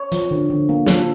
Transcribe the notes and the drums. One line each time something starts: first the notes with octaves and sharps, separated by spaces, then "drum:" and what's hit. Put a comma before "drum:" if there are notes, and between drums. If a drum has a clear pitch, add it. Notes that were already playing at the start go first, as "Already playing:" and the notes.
Already playing: C#5
F3, drum: hi-hat
D3
D3
A#3
F3 A4, drum: snare